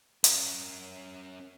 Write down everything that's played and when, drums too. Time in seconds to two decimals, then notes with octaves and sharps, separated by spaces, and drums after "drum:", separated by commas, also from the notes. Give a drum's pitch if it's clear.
0.24 C#4 A#4, drum: hi-hat